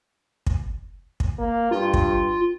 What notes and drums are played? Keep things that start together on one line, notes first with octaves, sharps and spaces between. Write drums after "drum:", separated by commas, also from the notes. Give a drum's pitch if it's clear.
drum: kick
drum: kick
A#3
G2 F4
drum: kick